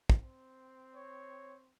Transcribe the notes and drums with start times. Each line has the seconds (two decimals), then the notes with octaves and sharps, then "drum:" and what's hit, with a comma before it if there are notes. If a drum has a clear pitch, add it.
0.10 drum: kick
0.20 C4
0.95 C#5